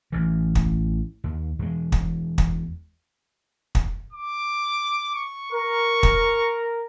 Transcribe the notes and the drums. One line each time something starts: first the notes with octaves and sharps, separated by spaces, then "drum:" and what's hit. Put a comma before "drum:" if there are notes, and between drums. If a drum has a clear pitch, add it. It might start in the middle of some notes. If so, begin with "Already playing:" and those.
A1 E3
drum: kick
D#2
E2 G#3
drum: kick
drum: kick
drum: kick
D6
C#6
A#4 C#6
drum: kick